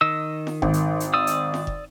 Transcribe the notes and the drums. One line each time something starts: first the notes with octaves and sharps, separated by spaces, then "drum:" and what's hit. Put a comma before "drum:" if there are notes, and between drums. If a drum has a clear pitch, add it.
D#3 D#5 E6
drum: snare
G#1, drum: kick F1
drum: hi-hat
drum: hi-hat
D5 D#6 E6
drum: hi-hat
drum: snare
drum: kick F1